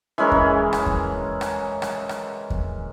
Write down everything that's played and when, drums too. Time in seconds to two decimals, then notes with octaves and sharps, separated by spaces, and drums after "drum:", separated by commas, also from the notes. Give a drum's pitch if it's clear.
0.18 E3 G#3 C#4 A#4
0.32 drum: kick E2
0.73 drum: rim click
0.86 drum: kick E2
1.41 drum: rim click
1.82 drum: rim click
2.09 drum: rim click
2.50 drum: kick E2